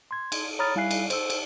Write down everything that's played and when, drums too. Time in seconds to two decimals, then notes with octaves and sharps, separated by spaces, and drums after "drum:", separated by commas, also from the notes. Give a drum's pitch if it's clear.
0.11 C6 G#6
0.32 drum: cymbal
0.59 C#5 A#5 B5 D#6 F6 A6
0.76 G3 E4 F5 G#5 F#6 C7
0.91 drum: cymbal
1.10 C5 E6, drum: cymbal
1.30 drum: cymbal